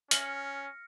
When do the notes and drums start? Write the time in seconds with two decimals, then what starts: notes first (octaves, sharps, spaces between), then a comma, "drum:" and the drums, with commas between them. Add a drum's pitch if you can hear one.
0.11 C#4 F6 A#6 C#7, drum: hi-hat